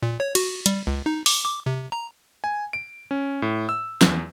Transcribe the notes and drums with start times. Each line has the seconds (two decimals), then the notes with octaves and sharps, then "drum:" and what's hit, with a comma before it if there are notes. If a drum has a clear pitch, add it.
0.02 A#2
0.20 C#5
0.35 F#4, drum: cymbal
0.66 G3, drum: hi-hat
0.87 C#2
1.06 D#4
1.26 D6, drum: open hi-hat
1.44 D6
1.66 C3
1.92 A#5
2.44 G#5
2.73 D7
3.11 C#4
3.42 A2
3.69 E6
4.01 E2, drum: snare